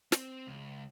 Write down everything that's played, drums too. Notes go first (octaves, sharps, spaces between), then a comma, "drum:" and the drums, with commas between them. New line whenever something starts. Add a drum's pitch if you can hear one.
C4, drum: snare
C#2